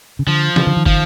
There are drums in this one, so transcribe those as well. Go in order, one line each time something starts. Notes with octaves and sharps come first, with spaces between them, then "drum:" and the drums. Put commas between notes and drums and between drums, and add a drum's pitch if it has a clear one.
C#3
D3 F3
C#3, drum: snare
D3
D#3
F3, drum: kick